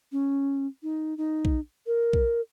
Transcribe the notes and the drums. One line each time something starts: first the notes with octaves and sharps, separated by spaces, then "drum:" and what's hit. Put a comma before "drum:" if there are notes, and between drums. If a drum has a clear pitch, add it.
C#4
D#4
D#4
drum: kick B1
A#4
drum: kick B1